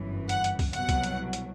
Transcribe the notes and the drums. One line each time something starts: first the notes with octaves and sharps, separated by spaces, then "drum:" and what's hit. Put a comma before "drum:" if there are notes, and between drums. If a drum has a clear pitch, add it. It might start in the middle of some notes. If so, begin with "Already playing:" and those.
Already playing: G1 F#2 E3
F#5, drum: hi-hat
drum: hi-hat
drum: kick, open hi-hat
C2 B2 F#3 F#5, drum: hi-hat
drum: kick, hi-hat
drum: hi-hat
drum: hi-hat